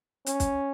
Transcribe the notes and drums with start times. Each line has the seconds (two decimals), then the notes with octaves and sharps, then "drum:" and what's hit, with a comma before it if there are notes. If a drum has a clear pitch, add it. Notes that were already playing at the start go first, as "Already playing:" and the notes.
0.26 C#4, drum: hi-hat
0.40 drum: kick, hi-hat